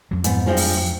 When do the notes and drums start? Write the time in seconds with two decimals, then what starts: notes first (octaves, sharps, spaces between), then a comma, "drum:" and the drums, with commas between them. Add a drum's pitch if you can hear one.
0.11 F2 F#3
0.24 G#2 B3, drum: hi-hat
0.46 G2 F3 G#3
0.57 drum: open hi-hat
0.77 C4